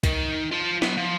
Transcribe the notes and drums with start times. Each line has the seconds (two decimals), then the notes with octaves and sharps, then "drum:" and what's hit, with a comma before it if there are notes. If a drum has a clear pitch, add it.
0.03 D#3, drum: kick, hi-hat
0.52 F4 A5
0.82 F#3 B3, drum: snare
0.98 F3